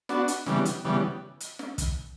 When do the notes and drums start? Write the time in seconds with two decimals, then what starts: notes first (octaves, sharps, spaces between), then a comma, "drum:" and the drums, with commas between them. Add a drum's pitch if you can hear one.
0.09 B3 D4 F#4, drum: snare
0.28 drum: hi-hat
0.46 C#3 E3 G3 B3, drum: snare
0.65 drum: hi-hat
0.84 C#3 E3 G3 B3
1.40 drum: hi-hat
1.59 drum: snare
1.78 drum: kick, hi-hat